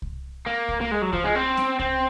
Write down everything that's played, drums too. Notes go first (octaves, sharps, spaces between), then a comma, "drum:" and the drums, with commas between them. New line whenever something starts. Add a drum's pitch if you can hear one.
drum: kick C2
A#3
drum: kick C2
A#3
G#3
F#3
F3, drum: kick C2
G#3
C4
drum: snare
C4, drum: kick C2